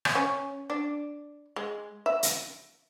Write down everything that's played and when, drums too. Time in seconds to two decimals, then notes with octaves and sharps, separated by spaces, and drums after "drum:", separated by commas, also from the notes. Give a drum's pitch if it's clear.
0.05 drum: rim click
0.15 C#4
0.70 D4
1.56 G#3
2.06 E5
2.23 drum: hi-hat